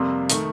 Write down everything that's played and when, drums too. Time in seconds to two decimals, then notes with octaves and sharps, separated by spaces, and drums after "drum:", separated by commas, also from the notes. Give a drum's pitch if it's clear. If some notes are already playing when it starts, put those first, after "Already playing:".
Already playing: F2 C3 G3 A#3 C6
0.30 D#3 A3, drum: hi-hat